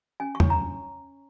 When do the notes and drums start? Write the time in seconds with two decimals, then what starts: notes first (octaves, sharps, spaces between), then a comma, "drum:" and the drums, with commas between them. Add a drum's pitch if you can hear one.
0.20 C#4 G#5
0.35 C#6
0.40 C#5, drum: tom
0.50 A#5